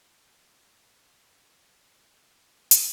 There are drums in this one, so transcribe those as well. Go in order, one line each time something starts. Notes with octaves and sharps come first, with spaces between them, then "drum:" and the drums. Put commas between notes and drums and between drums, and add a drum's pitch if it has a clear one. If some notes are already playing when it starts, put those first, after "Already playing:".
F4 F#4 A#4
drum: hi-hat